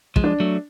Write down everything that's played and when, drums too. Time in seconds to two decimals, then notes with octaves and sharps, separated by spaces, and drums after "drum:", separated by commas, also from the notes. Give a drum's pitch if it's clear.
0.16 F3 G#3, drum: kick
0.24 D4
0.40 F#3 A3